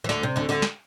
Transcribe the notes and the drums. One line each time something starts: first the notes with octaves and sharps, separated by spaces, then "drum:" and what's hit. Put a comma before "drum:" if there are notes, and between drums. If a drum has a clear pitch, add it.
E3
D2 D3, drum: snare
C3
D2 D3
D2 D3
drum: snare